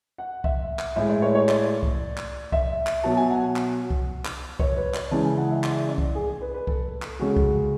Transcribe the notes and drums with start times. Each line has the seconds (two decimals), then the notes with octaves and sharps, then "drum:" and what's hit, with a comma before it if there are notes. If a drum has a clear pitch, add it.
0.18 F#5
0.44 E5, drum: kick C2
0.79 drum: clap
0.96 A2 G#3 E5
1.09 D5
1.22 C#5
1.35 C#5
1.49 D5, drum: clap
1.83 drum: kick C2
2.17 drum: clap
2.52 E5, drum: kick C2
2.87 drum: clap
3.03 B2 F#3 A5
3.17 G#5
3.30 F#5
3.56 drum: clap
3.90 drum: kick C2
4.25 drum: clap
4.60 C#5, drum: kick C2
4.77 B4
4.94 D5, drum: clap
5.11 C#3 E3 G#3 A5
5.24 G#5
5.38 F#5
5.51 E5
5.64 D5, drum: clap
5.89 D5
5.98 drum: kick C2
6.15 G#4
6.29 G#4
6.41 B4
6.54 B4
6.67 A4, drum: kick C2
7.02 drum: clap
7.19 C#3 G#3 F#4
7.37 drum: kick C2